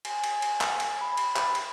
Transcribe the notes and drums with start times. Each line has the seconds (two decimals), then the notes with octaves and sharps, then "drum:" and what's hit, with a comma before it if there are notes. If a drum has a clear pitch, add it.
0.05 G#5, drum: cymbal
0.24 drum: cymbal
0.42 drum: cymbal
0.61 drum: clap
0.80 drum: cymbal
1.01 B5
1.17 drum: cymbal
1.36 drum: clap
1.55 drum: cymbal